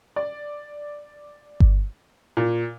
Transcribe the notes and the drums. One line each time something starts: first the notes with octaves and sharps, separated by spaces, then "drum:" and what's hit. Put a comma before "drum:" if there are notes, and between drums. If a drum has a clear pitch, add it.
D5
drum: kick G1
A#2